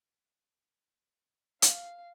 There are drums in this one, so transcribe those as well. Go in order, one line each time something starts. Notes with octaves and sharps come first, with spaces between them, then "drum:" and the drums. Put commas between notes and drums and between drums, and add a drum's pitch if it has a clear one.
F5, drum: hi-hat